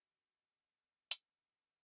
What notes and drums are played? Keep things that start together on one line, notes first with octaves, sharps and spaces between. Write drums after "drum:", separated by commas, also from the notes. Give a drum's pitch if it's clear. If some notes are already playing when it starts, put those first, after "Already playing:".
Already playing: F#4
D#5
B3
D#4
D#4, drum: hi-hat
B4